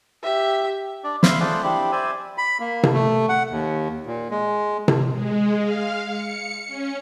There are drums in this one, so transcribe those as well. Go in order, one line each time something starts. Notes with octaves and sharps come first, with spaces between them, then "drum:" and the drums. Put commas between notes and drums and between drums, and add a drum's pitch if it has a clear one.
G4 E5
D4 D5
E5 F5 B5 C6, drum: snare
A3 F4 G#4 C5 D5 F#5
C4 D4 E4 G4 B5
C5 D5 E5 G#5
B5
A#3
drum: tom C3
A3
F#5
D#2
A#2
G#3
drum: tom C3
G#3
F5
C#7
C#4